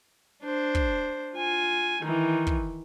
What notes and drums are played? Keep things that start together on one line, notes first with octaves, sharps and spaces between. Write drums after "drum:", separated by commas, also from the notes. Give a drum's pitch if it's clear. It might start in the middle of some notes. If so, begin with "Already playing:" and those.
D4 C5
drum: kick
F4 G#5
D#3 E3
drum: kick